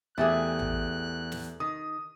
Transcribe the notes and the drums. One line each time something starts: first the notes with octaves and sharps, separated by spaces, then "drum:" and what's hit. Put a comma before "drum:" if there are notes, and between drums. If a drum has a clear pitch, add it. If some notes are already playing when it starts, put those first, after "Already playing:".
E2 A3 G4 G#4 A#4 E5 G5 F#6
drum: tom A1
drum: snare
D#3 D#6